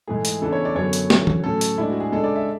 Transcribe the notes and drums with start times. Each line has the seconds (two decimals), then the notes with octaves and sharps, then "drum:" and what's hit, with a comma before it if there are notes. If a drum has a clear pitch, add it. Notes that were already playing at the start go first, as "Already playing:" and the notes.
0.08 G#2 E3 A3 G#4
0.25 drum: hi-hat
0.42 C#3 E3 B3 D4 A4
0.53 C#5
0.65 D5
0.75 F#2 D3 F#3 B3 C#5
0.93 drum: hi-hat
1.10 D3 F#3 C#4, drum: snare
1.27 drum: tom E3
1.44 A2 F#3 C#4 A4
1.61 drum: hi-hat
1.78 A2 G#3 D4 E4
1.90 F#4
2.00 G#4
2.12 C#3 G#3 D4 A4
2.24 D5
2.36 E5